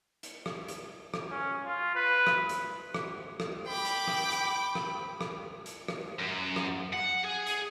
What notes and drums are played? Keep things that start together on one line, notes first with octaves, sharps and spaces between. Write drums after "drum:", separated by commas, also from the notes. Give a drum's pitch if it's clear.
drum: hi-hat
drum: rim click
drum: hi-hat
drum: rim click
C#4
F4
B4
drum: rim click
drum: hi-hat
drum: rim click
drum: rim click
G5 B5 D6
drum: hi-hat
drum: rim click
drum: hi-hat
drum: rim click
drum: rim click
drum: hi-hat
drum: rim click
F#2
drum: rim click
F#5
G#4
drum: hi-hat